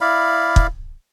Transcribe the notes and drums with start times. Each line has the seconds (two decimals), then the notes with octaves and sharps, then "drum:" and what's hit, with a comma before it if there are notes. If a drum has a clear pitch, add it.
0.01 E4 D5 F5 B5
0.56 drum: kick